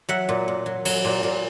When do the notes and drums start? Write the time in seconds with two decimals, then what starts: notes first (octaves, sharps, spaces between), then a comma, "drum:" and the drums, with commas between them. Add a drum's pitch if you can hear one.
0.09 F#3 E5 F#5
0.29 A#2
0.48 A#2
0.66 F#3
0.85 F#3, drum: cymbal
1.05 A#2
1.23 A#2